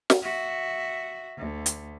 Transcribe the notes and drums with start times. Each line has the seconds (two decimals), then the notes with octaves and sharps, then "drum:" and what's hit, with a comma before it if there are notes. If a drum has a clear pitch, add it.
0.10 drum: snare
0.23 F#4 E5
1.38 D2
1.66 drum: hi-hat